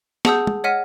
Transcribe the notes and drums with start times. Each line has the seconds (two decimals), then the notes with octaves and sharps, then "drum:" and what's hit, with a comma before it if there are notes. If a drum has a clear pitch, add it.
0.25 G#4 F#5 A5 D#6 E6 G6, drum: snare
0.47 drum: tom
0.64 C#5 D#5 F#5 F6 B6 D#7